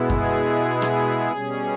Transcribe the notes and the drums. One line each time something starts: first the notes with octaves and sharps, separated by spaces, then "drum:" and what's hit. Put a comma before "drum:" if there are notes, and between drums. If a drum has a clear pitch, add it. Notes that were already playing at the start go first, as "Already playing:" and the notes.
Already playing: B2 G#3 B3 E4
G#4, drum: kick F#2
drum: rim click
B2 G3 C#4